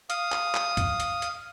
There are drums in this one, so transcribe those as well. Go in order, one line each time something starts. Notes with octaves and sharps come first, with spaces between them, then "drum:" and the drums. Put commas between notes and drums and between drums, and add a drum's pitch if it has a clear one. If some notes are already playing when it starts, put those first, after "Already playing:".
F5 D#6, drum: hi-hat
drum: clap
drum: clap
drum: kick, hi-hat
drum: hi-hat
drum: hi-hat